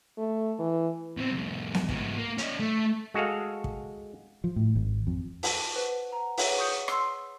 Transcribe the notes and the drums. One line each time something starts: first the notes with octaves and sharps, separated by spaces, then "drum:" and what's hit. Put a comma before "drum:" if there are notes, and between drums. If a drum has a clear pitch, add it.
A3
E3
B2 C4
C2 F2
drum: snare B3
G#2 B3, drum: kick
A#3
C#4 D#4, drum: hi-hat
A3
G#3 F#4 G#4 A4 F5
drum: kick
F3
A2
G#1
F2
A5, drum: open hi-hat
B4 C5 F#5
F#5 A#5
G#4 B4 C#5 E5 F#5, drum: open hi-hat
C#6 D#6 G6 C#7
C6 E6 C7, drum: rim click